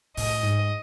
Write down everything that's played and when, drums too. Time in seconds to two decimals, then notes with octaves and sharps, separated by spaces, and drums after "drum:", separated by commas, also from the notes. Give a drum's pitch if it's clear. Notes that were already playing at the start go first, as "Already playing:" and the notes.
0.17 A2 D#5, drum: open hi-hat
0.43 G#2